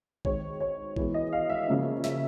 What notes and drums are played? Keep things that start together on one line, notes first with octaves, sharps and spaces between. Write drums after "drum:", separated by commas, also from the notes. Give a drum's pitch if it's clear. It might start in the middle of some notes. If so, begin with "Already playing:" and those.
D#3 G#3 C4 C#5, drum: kick A1
C#5
E3 G#3 B3, drum: kick A1
D#5
F5
E5
C#3 F3 A#3 C#4
E5, drum: snare